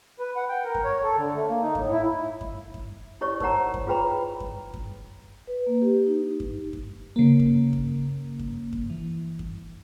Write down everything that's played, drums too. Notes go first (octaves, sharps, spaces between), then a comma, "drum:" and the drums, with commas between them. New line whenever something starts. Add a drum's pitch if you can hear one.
B4
F#5
G5
A#4
drum: kick F#2
C#5
A4
D3
A3
A#3
D#4
A2, drum: kick F#2
E4
drum: kick F#2
drum: kick F#2
E4 G4 C#5 D5 C#6
D#4 A#4 C5 C#5 F#5 A#5, drum: kick F#2
drum: kick F#2
F4 G#4 B4 G5 A#5 B5
drum: kick F#2
drum: kick F#2
B4
A#3
G4
D#4
drum: kick F#2
drum: kick F#2
C#3 A#3
drum: kick F#2
drum: kick F#2
drum: kick F#2
drum: kick F#2
E3
drum: kick F#2